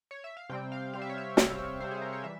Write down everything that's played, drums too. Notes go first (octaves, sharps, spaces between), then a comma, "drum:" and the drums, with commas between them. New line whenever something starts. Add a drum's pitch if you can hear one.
C#5
E5
F5
C3 G3 C4 G5
F5
C3 G3 C4 F5
E5
C#5
E5
C3 G3 C4 C#5, drum: snare
C3 G3 C4 C5
G#4
A#4
C#5
E3 G3 E5